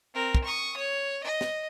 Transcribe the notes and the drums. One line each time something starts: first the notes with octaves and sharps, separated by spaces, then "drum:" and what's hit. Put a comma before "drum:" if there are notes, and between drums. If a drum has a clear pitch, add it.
C4 A#4
drum: kick
C#6 D#6
C#5
D#5
drum: snare